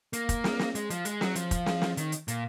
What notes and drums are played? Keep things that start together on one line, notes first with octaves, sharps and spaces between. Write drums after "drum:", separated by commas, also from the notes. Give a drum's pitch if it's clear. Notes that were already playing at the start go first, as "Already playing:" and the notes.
A#3, drum: hi-hat
drum: kick, hi-hat
drum: snare
drum: snare
G#3, drum: hi-hat
F3, drum: hi-hat
G#3, drum: hi-hat
F#3, drum: snare
F3, drum: hi-hat
drum: kick, hi-hat
drum: snare
drum: snare
D#3, drum: hi-hat
drum: hi-hat
A#2, drum: hi-hat